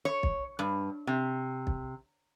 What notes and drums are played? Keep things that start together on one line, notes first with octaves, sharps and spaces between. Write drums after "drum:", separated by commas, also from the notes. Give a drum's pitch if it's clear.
C#5
drum: kick
G2
C3
drum: kick